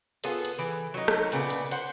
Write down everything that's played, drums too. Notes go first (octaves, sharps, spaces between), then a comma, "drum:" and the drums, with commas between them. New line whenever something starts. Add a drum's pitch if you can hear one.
B3 F4 G#4 A4, drum: hi-hat
drum: hi-hat
E3
F#3 D#4
drum: rim click
A#2 C#3 B3 D4, drum: hi-hat
drum: hi-hat
C5 F#5, drum: hi-hat